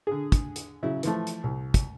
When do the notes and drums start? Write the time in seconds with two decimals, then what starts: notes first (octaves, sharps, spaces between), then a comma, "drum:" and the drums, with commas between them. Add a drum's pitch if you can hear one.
0.07 D3 G#4
0.32 drum: kick, hi-hat
0.56 drum: hi-hat
0.83 C#3 F#3 E4
1.03 E3 F3 A3, drum: hi-hat
1.27 drum: hi-hat
1.43 C2
1.74 drum: kick, hi-hat